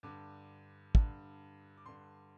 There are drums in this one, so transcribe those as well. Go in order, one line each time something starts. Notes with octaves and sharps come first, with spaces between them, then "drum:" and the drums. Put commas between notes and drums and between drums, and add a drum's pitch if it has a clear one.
G2 D3 D6
G2 D3, drum: kick
D6
G2 D3 C6